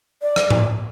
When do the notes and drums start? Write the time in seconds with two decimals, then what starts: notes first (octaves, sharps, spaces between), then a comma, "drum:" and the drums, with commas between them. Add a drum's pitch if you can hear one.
0.22 D5
0.36 drum: rim click
0.50 drum: tom A2